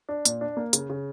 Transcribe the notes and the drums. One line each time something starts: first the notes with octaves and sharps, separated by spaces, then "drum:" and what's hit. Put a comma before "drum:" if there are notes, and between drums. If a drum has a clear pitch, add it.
D4
A#2, drum: hi-hat
D4
A#3
C#3, drum: hi-hat
C#3